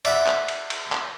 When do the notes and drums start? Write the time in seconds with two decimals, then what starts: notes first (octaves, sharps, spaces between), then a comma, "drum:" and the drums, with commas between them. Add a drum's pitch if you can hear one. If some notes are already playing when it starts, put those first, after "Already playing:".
0.05 D5 E5 F#5 B5, drum: cymbal
0.27 drum: clap
0.48 drum: cymbal
0.70 drum: cymbal
0.92 drum: clap